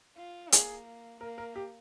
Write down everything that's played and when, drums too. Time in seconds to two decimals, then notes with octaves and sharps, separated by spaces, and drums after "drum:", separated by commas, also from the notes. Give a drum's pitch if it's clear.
0.17 F4
0.52 A#3 G#4, drum: hi-hat
1.21 A#3 A#4
1.38 A#4
1.56 G4